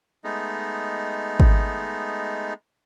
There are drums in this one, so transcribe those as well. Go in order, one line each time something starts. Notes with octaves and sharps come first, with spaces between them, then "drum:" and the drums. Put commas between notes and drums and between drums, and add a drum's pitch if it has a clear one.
G#3 A3 B3 D#4
drum: kick G#1